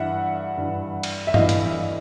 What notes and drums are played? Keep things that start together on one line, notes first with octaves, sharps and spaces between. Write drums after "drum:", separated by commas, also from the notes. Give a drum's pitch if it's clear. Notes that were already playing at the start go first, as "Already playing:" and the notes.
Already playing: G2 E3 E5 F#5
G2 E3
drum: cymbal
E5
G2 E3 D#5 F5, drum: tom
drum: hi-hat